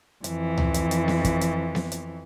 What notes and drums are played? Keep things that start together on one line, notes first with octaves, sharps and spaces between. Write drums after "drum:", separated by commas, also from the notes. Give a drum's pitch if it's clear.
F2 E3, drum: hi-hat
drum: tom C#2
drum: hi-hat
drum: hi-hat
drum: snare B3
drum: kick, hi-hat
drum: hi-hat
drum: snare B3
drum: hi-hat